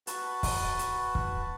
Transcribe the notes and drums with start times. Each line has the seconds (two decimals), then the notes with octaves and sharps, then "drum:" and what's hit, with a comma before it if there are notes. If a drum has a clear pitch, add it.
0.07 F#4 B4 F#5 A5, drum: hi-hat
0.43 drum: kick, open hi-hat
0.79 drum: hi-hat
1.15 drum: kick